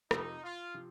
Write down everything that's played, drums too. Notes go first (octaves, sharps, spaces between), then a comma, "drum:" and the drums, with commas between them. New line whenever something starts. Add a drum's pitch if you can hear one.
F2 C3 F3 D#4, drum: rim click
F4
C3 F3